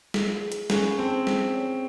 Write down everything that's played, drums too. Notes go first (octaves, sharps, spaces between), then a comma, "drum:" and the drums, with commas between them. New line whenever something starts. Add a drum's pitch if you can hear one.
G#4, drum: snare
G#4
drum: hi-hat
C#4 G#4, drum: snare
C4 A5
G#4, drum: snare
C#5